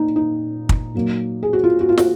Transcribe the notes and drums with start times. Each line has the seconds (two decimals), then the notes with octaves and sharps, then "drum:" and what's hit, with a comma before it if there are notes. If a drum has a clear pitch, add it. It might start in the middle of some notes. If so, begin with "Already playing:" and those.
Already playing: A#2 D#4
0.16 D#4
0.69 drum: kick
0.95 A#2 F#3 A#3
1.43 G#4
1.53 F#4
1.64 F4
1.81 F#4
1.89 F4
1.98 F#4, drum: snare